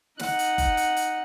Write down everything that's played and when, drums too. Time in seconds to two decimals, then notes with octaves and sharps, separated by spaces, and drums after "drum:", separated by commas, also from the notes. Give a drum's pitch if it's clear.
0.20 D#4 F#5, drum: snare
0.39 drum: hi-hat
0.58 drum: kick F#1, hi-hat
0.77 drum: hi-hat
0.97 drum: hi-hat